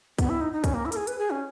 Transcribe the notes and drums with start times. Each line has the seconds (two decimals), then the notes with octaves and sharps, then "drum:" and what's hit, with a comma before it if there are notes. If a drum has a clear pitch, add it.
0.18 B3, drum: kick, hi-hat
0.29 E4
0.41 D#4
0.52 D#4
0.64 C#4, drum: kick, hi-hat
0.74 A#3
0.85 E4
0.92 A#4, drum: hi-hat
0.96 G#4
1.07 B4, drum: hi-hat
1.18 G#4
1.31 C#4